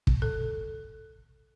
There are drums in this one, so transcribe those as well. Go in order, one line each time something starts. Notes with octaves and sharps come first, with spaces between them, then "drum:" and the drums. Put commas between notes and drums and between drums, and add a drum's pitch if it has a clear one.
drum: kick
A4